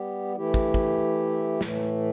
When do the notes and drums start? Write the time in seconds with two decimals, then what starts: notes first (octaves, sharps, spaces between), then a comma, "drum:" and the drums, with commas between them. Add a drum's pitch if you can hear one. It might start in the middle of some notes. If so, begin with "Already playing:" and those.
Already playing: G3 B3 G4
0.36 E3 A3 E4 G4
0.54 drum: kick
0.74 drum: kick
1.61 A2 E3 A3, drum: snare